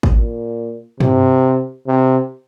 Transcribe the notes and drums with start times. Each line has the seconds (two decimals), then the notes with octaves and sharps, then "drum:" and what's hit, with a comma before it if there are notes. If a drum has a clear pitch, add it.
0.03 drum: kick
0.15 A#2
1.00 C3, drum: tom
1.87 C3